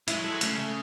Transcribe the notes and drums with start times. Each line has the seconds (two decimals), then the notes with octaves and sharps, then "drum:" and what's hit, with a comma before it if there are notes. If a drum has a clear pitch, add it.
0.08 G#3 E4, drum: hi-hat
0.16 F#3
0.24 G#3 A4
0.32 F#3
0.41 C#3 A3, drum: hi-hat
0.58 A3